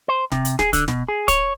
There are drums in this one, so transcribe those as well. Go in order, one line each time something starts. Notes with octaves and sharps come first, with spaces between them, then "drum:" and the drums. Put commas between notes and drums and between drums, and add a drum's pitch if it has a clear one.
C5
C3, drum: snare
drum: hi-hat
G#4, drum: snare
D3, drum: kick, hi-hat
B2, drum: snare
G#4
C#5, drum: kick, hi-hat